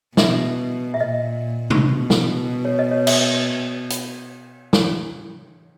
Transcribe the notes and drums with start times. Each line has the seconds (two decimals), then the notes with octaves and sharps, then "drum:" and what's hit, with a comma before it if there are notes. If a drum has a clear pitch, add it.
0.17 B2 E5, drum: snare
0.94 E5
1.00 A#2 D#5
1.70 drum: tom
1.83 B2
2.10 drum: snare
2.65 C#5
2.79 D#5
2.91 C#5
3.07 E5, drum: cymbal
3.90 drum: hi-hat
4.73 drum: snare